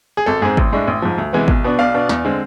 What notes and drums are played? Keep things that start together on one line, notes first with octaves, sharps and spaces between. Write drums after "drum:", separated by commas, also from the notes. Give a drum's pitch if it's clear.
G#4
G#1 A4
G#2 G#3 C4 G#4
A1, drum: kick G#1
A2 G#3 D4
A1
G#2 F3
D2
C3 E3 G#3 B3
B1, drum: kick G#1
B2 B3 D4
B1 D5 F5
B2 B3 D4
E2, drum: snare
D3 G#3 C4